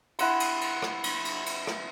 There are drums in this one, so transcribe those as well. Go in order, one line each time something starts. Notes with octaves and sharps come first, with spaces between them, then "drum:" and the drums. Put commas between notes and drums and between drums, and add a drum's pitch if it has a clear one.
E4 F#5 C6, drum: cymbal
drum: cymbal
drum: cymbal
drum: rim click
drum: cymbal
drum: cymbal
drum: cymbal
drum: rim click